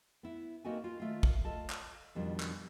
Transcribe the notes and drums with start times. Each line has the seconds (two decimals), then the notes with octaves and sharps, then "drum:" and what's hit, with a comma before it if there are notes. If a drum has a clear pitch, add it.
0.23 B3 E4
0.64 A#3 C4 D#4 F#4 A4 G#5
0.84 F4
1.00 D#3 A3 F4
1.23 drum: kick
1.45 F4 A4 D#5 A5
1.70 drum: clap
2.15 F2 B2 D#3 F3 G3 D4
2.40 drum: clap